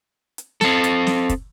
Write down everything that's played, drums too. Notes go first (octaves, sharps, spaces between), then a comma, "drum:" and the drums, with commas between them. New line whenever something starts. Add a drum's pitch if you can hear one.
drum: hi-hat
C4 A4, drum: snare
drum: hi-hat
drum: snare
drum: kick, hi-hat